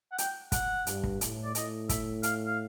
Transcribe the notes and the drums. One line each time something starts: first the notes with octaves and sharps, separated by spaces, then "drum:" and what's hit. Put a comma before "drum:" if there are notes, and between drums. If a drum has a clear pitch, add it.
F#5
G5, drum: hi-hat
F#5, drum: kick, hi-hat
G2, drum: hi-hat
drum: kick
A2, drum: hi-hat
D5
A2 D#5, drum: hi-hat
E5, drum: kick, hi-hat
F5, drum: hi-hat
F5